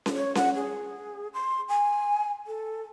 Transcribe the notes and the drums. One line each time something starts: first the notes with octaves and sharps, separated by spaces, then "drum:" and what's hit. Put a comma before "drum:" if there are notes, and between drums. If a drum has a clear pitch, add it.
drum: snare C#4
C#5
F#5, drum: snare C#4
G#4
C6
G#5
A4